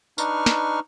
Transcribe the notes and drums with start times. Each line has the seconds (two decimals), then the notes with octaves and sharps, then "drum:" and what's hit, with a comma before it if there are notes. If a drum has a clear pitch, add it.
0.18 D4 D#4 B4 C#6 F6, drum: tambourine
0.46 drum: snare